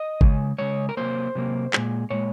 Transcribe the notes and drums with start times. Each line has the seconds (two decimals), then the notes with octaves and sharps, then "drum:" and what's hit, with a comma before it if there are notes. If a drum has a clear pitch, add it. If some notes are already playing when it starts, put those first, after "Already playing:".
Already playing: D#5
0.21 C#3 G#3, drum: kick
0.58 C#3 G#3 C#5
0.89 A#4
0.97 C3 F#3 A#3 C5
1.35 C3 F#3 A#3
1.73 A#2 G#3, drum: clap
2.10 A#2 G#3 C#5